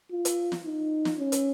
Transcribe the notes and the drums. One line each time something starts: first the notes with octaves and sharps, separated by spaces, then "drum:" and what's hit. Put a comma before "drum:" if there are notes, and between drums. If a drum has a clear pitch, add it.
F4
drum: hi-hat
drum: snare
D#4
drum: snare
C#4
drum: hi-hat